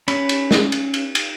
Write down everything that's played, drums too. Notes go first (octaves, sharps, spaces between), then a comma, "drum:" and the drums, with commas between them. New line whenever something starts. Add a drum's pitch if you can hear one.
C#4 B5, drum: cymbal
drum: cymbal
drum: snare
drum: cymbal
drum: cymbal
drum: cymbal